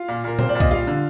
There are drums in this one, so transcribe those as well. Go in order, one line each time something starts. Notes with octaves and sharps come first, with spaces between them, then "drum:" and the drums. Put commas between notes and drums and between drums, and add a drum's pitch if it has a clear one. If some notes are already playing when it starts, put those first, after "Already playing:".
Already playing: F4 F5
A#2
A#2 A#4
C4 C5, drum: tom A2
D5
A#2
D#5, drum: kick
G3 F4 F5
D3